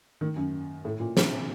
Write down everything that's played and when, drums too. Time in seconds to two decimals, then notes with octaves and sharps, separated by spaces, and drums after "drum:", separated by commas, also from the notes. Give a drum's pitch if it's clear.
0.21 D#3
0.37 F#2
0.85 A2
1.00 A#2
1.17 C3, drum: snare